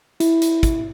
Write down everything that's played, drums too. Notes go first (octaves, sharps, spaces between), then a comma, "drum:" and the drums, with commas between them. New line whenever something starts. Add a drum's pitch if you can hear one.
E4, drum: hi-hat
drum: hi-hat
drum: kick, hi-hat